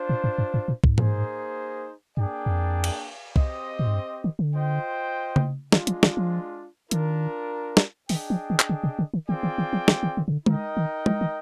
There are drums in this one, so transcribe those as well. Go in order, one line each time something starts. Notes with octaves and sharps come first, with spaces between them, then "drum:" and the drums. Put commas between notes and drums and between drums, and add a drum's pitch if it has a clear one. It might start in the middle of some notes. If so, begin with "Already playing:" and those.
Already playing: D4 F4 C5
A#2
G#2
G2
G#2
A#2
G#2, drum: kick C2
A#3 D#4 G#4 C5, drum: tom A2
G2 A#3 D4 G#4 D5 G5
F2
drum: cymbal
C4 G4 C5 D#5, drum: kick C2
A#2
G#2
G2
D#3
D3
F4 C5 D#5 G5
drum: tom C#3
D#3 G#3 D4 F4, drum: snare
F3, drum: hi-hat
D#3, drum: snare
F3
D#3 D4 F4 A#4, drum: hi-hat
drum: snare
D#3 D4 G#4 D#5 G5, drum: open hi-hat
F3
D#3
drum: clap
D3
C3
D3
D#3
D#3 C4 F4 G#4 D5 G5
D#3
D#3
F3
D#3, drum: snare
D#3
D3
C3
D3
D3 D#4 A#4 D#5 G5, drum: tom G#3
D#3
F3, drum: tom G#3
D#3